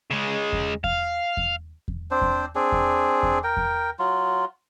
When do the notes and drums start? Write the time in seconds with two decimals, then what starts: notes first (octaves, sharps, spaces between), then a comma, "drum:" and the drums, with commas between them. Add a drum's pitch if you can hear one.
0.11 C#3 G#3
0.53 drum: kick E2
0.84 F5, drum: kick E2
1.37 drum: kick E2
1.88 drum: kick E2
2.11 C4 D4 C5
2.22 drum: kick E2
2.55 C4 D4 G#4
2.72 drum: kick E2
3.23 drum: kick E2
3.44 A#4 G5
3.57 drum: kick E2
3.99 F#3 F4